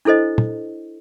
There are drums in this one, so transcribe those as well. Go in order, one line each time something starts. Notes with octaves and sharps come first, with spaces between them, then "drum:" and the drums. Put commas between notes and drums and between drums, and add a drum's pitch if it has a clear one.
D4 E4 A4 C5 D#5
drum: tom